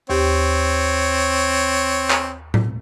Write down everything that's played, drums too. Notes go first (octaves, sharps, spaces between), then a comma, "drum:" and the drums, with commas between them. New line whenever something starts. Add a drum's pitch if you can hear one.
D#2 C4 G4 C#5
drum: clap
drum: tom A2